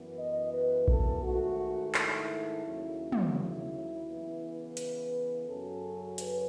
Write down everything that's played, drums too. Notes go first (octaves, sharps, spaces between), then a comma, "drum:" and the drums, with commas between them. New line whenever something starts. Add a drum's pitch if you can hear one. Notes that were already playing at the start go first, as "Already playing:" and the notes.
Already playing: F#2 E3 B3
D#5
B4
A4, drum: kick A#1
G#2 D#3 A3 F#4
E4, drum: clap
D#2 C#3 F#3
drum: tom
E4
C#3 E3 B3
B4, drum: hi-hat
F#2 C#3 F#3 C#4 A4
B4, drum: hi-hat